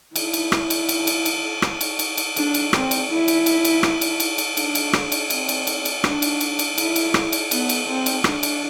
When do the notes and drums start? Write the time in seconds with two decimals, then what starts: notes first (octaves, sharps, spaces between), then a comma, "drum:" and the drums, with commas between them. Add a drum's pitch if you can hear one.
0.16 E4, drum: cymbal
0.33 drum: cymbal
0.52 drum: rim click
0.70 drum: cymbal
0.89 drum: cymbal
1.07 drum: cymbal
1.25 drum: cymbal
1.62 drum: rim click
1.81 drum: cymbal
1.99 drum: cymbal
2.17 drum: cymbal
2.36 D4, drum: cymbal
2.54 drum: cymbal
2.73 C4, drum: rim click
2.91 drum: cymbal
3.10 E4
3.28 drum: cymbal
3.46 drum: cymbal
3.65 drum: cymbal
3.83 drum: rim click
4.01 drum: cymbal
4.20 drum: cymbal
4.38 drum: cymbal
4.57 D4, drum: cymbal
4.75 drum: cymbal
4.93 drum: rim click
5.12 drum: cymbal
5.30 C4, drum: cymbal
5.49 drum: cymbal
5.67 drum: cymbal
5.85 drum: cymbal
6.04 D4, drum: rim click
6.22 drum: cymbal
6.40 drum: cymbal
6.59 drum: cymbal
6.78 E4, drum: cymbal
6.96 drum: cymbal
7.14 drum: rim click
7.32 drum: cymbal
7.51 B3, drum: cymbal
7.69 drum: cymbal
7.87 C4
8.06 drum: cymbal
8.24 D4, drum: rim click
8.43 drum: cymbal